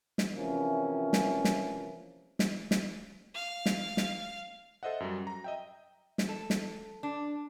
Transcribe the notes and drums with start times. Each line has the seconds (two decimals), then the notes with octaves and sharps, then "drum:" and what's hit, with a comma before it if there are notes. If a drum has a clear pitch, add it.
0.18 drum: snare
0.34 C3 E3 F3 A#3 C#4
1.13 drum: snare
1.44 drum: snare
2.39 drum: snare
2.71 drum: snare
3.34 F5
3.66 drum: snare
3.97 drum: snare
4.83 A4 C5 D#5 E5 F#5
5.00 F#2 F#3 G3
5.27 A#5
5.44 D#5 E5 G5
6.18 drum: snare
6.28 A4
6.50 drum: snare
7.03 D4